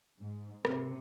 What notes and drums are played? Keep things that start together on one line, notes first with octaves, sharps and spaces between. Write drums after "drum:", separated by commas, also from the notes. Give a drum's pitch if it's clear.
G#2
C3, drum: rim click